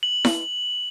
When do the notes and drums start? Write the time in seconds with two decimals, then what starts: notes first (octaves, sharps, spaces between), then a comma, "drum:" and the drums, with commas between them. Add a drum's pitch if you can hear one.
0.03 F#7
0.25 drum: snare E4